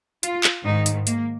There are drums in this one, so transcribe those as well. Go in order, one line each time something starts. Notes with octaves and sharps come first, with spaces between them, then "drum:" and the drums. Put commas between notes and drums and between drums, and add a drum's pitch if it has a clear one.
F4, drum: hi-hat
drum: clap
G#2 D#3 D#4
drum: hi-hat
A#3, drum: hi-hat